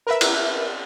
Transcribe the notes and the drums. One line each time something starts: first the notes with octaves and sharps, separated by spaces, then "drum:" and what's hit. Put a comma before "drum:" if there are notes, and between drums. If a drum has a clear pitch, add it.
A#4 B4 E5
drum: cymbal